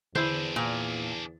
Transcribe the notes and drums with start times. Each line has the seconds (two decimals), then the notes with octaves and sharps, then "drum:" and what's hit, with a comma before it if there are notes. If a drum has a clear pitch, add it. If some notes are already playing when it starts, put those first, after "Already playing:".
0.15 E2 D4 E4 G#4 C5, drum: tom D3
0.56 A#2